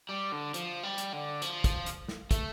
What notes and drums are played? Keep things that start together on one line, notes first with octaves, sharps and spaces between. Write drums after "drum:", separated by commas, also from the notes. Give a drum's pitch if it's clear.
G3
D3
F3, drum: hi-hat
G3
drum: hi-hat
D3
F3, drum: hi-hat
drum: kick, hi-hat
drum: hi-hat
drum: snare
A3, drum: kick, hi-hat